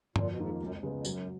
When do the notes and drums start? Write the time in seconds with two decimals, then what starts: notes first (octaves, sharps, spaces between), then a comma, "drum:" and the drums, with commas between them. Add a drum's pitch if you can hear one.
0.16 F2 A#2, drum: tom G2
0.27 B2
0.38 G#2 D#3 A#3 F4
0.49 F#2
0.60 C#2 F#2
0.71 F2
0.82 F2 C#3 G#3 B3
0.94 F2
1.05 F#2 F#3, drum: tambourine